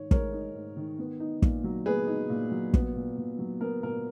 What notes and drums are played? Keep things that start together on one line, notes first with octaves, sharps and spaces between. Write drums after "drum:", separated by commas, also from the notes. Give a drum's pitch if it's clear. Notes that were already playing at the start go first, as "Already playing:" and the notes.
Already playing: G#2 D#3 C#5
G#3 A#4 C#5, drum: kick
D#4
G#2
D#3
B3
D#4
A#2, drum: kick
F#3
B3 G#4 B4
D#4
A#2
F#3
B3, drum: kick
A#2
A#2
F#3
B3 A#4
A#2 A#4